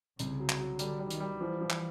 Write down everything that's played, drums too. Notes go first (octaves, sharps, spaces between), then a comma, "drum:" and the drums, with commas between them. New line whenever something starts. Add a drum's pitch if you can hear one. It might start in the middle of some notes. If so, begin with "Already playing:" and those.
C2 C#3, drum: hi-hat
F#3
drum: clap
F#3
D3 G3, drum: hi-hat
G3
D#3, drum: hi-hat
G3
E3 F3
F3
drum: clap